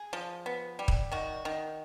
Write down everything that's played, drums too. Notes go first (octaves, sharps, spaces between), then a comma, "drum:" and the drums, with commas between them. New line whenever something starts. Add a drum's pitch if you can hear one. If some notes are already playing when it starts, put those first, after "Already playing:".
Already playing: G#4
F3
B3
G3
drum: kick
D#3 F#4
D#3